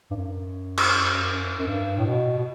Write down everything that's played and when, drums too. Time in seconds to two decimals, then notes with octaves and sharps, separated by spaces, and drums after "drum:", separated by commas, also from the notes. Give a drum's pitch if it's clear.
0.11 G2
0.16 F#2
0.77 drum: cymbal
1.59 F#2
1.67 G2
1.98 A2
2.05 B2
2.38 B2